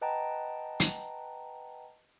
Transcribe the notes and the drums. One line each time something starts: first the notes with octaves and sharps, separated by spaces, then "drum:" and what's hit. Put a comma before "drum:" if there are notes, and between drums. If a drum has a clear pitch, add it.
B4 D#5 F#5 G5 A5 A#5
drum: hi-hat